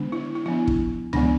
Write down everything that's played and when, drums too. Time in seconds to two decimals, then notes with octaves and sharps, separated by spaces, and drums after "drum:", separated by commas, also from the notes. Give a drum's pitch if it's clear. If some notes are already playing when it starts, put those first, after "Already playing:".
Already playing: D3 G#3 B3 D4
0.12 E4
0.35 E4
0.46 F3 B3 D4 E4
0.67 drum: kick
1.13 F3 G#3 B3 D4, drum: tom C#2